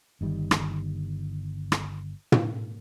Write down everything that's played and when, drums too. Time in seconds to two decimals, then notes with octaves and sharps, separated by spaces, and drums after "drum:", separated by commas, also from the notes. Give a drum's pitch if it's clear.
0.21 G1 D#3 G3
0.51 drum: rim click
1.72 drum: rim click
2.32 drum: tom